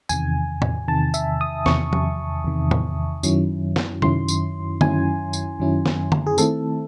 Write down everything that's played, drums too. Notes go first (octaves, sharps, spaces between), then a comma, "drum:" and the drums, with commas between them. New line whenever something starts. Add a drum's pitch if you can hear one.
E2 C3 D#3 G#5, drum: tambourine
drum: tom A2
E2 C3 D#3 A5
E5, drum: tambourine
D#6
E2 C3 D#3 C#6, drum: snare
drum: tom F3
E2 C3 D#3
drum: tom A2
F#2 D#3 F#3 C#4 E4, drum: tambourine
drum: snare
F#2 D#3 F#3 C#4 E4 C6, drum: tom C3
drum: tambourine
F#2 D#3 F#3 C#4 E4 G#5, drum: tom D3
drum: tambourine
F#2 D#3 F#3 C#4 E4
drum: snare
drum: tom D3
G#4
D#3 A3 C4 E4 A4, drum: tambourine